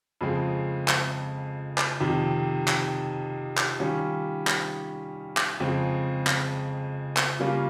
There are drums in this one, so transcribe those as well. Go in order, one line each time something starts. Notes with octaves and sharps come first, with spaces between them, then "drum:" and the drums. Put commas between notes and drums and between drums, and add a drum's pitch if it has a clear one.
F2 C#3 G#3 C4
drum: clap
drum: clap
F2 C3 D#3
drum: clap
drum: clap
D#3 G3 C#4 F4
drum: clap
drum: clap
F2 C#3 G#3 C4
drum: clap
drum: clap
C#3 G3 A#3 C#4 F4